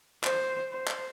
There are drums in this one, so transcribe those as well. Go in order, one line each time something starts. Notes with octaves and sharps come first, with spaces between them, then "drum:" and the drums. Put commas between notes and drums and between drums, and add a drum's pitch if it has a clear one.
C5, drum: clap
C5
drum: clap